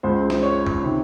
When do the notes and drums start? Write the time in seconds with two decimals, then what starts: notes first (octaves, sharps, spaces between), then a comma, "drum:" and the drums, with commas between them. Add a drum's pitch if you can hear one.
0.03 C#2 C#3 C5
0.30 drum: snare
0.43 C#5
0.67 drum: tom E2
0.82 C3 D#3